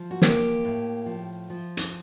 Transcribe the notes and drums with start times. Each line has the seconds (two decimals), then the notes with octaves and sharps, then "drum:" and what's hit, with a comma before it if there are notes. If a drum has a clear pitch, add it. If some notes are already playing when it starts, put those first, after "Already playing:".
Already playing: F3
0.11 F#4
0.22 A#3 G4, drum: snare
0.65 A2
1.06 F3
1.50 F3
1.77 drum: hi-hat